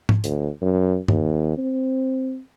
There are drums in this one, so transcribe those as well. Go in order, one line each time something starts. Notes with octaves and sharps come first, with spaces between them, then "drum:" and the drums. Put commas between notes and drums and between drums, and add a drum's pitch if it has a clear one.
drum: tom G#2
D2, drum: hi-hat
F#2
D#2, drum: tom G2
C4